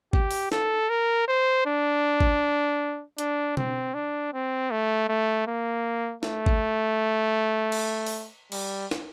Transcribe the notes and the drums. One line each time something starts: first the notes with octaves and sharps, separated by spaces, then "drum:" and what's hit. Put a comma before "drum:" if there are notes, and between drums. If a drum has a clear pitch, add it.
G4, drum: kick G#1
drum: open hi-hat
A4, drum: snare
A#4
C5
D4
drum: kick G#1
D4, drum: hi-hat
C4, drum: tom B2
D4
C4
A3
A3
A#3
A3, drum: snare
drum: kick G#1
drum: cymbal
drum: open hi-hat
G3, drum: cymbal
drum: snare